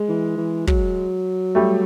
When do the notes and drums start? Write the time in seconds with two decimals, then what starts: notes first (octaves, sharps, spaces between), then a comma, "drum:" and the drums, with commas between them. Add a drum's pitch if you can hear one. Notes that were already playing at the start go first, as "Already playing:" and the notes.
Already playing: G#3
0.09 E3
0.37 E3
0.67 F#3, drum: kick
1.55 G3 A3